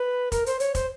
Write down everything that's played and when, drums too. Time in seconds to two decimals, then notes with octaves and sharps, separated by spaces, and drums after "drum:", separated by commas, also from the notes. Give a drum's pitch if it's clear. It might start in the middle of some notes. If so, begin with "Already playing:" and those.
Already playing: B4
0.32 A#4, drum: kick, hi-hat
0.46 C5, drum: hi-hat
0.60 C#5, drum: hi-hat
0.75 C5, drum: kick, hi-hat